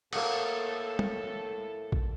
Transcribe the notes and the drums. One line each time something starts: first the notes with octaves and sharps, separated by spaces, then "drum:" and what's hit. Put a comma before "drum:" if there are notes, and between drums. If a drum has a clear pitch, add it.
A2 A#3 A4 F#5, drum: cymbal
drum: tom
drum: kick A#1